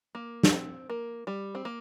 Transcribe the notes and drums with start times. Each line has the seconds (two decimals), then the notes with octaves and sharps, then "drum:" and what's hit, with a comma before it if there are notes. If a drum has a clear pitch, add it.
0.15 A#3
0.43 drum: snare
0.53 C4
0.90 A#3
1.27 G3
1.55 C4
1.65 A#3